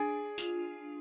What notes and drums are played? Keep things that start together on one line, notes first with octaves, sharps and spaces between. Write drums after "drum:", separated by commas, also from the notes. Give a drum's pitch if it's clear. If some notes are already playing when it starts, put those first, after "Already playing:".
Already playing: D4 G#4
F4, drum: tambourine